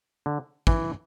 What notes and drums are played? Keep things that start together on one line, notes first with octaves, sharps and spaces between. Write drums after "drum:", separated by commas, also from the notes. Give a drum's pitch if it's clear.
D3
E3, drum: kick